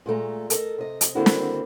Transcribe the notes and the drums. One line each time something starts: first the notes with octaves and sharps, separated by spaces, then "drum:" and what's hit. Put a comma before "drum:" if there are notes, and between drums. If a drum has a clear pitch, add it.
A#2 G#3 A3 A#5
A4 A#4 D#5, drum: hi-hat
C3 D#5
drum: hi-hat
D3 D#3 A#3 C4 E4 F#4
drum: snare